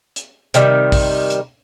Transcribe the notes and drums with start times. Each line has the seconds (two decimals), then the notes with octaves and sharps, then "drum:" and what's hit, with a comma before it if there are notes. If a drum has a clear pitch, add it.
0.16 drum: hi-hat
0.54 C3 D#3 G3, drum: hi-hat
0.92 drum: kick A#1, open hi-hat
1.30 drum: hi-hat